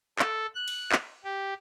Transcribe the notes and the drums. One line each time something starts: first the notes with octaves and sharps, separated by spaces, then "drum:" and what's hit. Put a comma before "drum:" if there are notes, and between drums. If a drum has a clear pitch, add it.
A4, drum: clap
F#6
drum: cymbal
drum: clap
G4